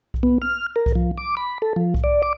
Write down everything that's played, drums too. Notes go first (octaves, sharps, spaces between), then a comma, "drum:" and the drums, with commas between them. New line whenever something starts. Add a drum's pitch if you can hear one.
drum: kick B1
B3
F6
A#4
drum: kick B1
F3
D6
B5
A4
F3
drum: kick B1
D5
D6